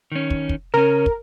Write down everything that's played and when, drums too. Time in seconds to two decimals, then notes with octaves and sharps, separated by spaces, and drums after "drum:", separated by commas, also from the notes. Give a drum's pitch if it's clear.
0.12 D#3 C#4
0.30 drum: kick
0.49 drum: kick
0.74 C#3 C#4 A#4
1.06 drum: kick